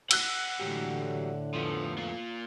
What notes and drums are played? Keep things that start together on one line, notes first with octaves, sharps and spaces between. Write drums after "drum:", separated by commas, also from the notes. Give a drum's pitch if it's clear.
F#5 E6 F#6, drum: cymbal
A2 D3 E3 F#3 G4
F2 F3 A3 B3
A#3 F4